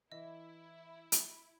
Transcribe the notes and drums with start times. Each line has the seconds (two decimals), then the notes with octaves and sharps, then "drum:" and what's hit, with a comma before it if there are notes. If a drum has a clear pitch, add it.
0.12 E3 E4 D#5 E5
1.12 drum: hi-hat